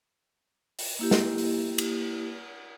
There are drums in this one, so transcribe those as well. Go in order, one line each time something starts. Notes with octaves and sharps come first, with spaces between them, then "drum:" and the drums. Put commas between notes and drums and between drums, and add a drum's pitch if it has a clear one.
drum: open hi-hat
A#3 E4 G4
drum: snare
drum: open hi-hat
drum: cymbal